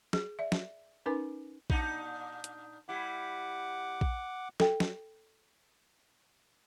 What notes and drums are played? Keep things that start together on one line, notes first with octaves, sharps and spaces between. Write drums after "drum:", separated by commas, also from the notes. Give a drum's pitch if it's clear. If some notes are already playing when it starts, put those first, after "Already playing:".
G#4, drum: snare
D5 E5
drum: snare
C#4 D#4 A#4 B4 G#5 D6
A#2 D4 D#4, drum: kick A#1
drum: hi-hat
G3 E4 F#5 D6
drum: kick A#1
A4 G5, drum: snare
drum: snare